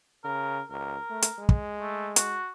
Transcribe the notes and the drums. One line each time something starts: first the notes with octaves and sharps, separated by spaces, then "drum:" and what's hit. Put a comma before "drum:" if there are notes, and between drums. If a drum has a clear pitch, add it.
C#3 A#4
C#2 A#4
A3
drum: hi-hat
G#3
drum: kick
A3
F#4, drum: hi-hat